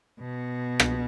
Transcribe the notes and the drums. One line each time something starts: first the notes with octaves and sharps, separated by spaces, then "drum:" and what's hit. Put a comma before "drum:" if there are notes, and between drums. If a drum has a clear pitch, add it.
B2
drum: rim click